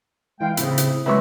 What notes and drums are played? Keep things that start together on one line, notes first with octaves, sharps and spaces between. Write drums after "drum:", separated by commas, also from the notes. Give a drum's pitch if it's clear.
E3 G#3 F5 G5
A2 C#3 C4 E4, drum: hi-hat
drum: hi-hat
C#3 F#3 G#3 B4 E5 C6 C#6